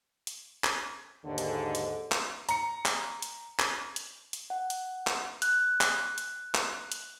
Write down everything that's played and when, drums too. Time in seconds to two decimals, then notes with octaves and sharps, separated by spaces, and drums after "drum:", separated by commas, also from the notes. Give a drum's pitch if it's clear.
0.27 drum: hi-hat
0.64 drum: clap
1.25 D#2 G#2 D3
1.38 drum: hi-hat
1.75 drum: hi-hat
2.12 drum: clap
2.49 A#5 C#7, drum: hi-hat
2.86 drum: clap
3.22 drum: hi-hat
3.59 drum: clap
3.96 drum: hi-hat
4.33 drum: hi-hat
4.50 F#5
4.70 drum: hi-hat
5.07 drum: clap
5.42 F#6, drum: hi-hat
5.81 drum: clap
6.18 drum: hi-hat
6.55 drum: clap
6.92 drum: hi-hat